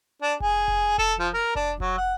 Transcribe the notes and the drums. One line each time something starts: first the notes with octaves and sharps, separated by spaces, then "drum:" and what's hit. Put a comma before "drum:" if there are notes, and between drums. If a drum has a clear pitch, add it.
D4
G#4, drum: kick F1
drum: kick F1
A4, drum: kick F1
F3
A#4
D4, drum: kick F1
F#3, drum: kick F1
F#5